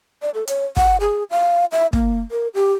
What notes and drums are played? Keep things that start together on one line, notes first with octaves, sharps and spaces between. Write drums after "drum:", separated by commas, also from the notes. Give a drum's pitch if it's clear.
D5
A4
C#5, drum: hi-hat
F#5, drum: kick
G#4
F5
E5
A#3, drum: kick
A#4
G4